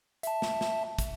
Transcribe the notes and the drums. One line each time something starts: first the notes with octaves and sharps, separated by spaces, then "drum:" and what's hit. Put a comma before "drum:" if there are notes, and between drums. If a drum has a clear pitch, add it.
E5 A5, drum: hi-hat
drum: snare
drum: snare
drum: kick, hi-hat